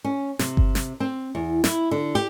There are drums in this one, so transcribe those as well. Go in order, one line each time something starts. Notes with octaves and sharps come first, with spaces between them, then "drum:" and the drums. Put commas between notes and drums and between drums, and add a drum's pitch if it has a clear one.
C#4
C3, drum: snare
drum: kick G1
drum: snare
C4
E2
E4, drum: snare
D3
G4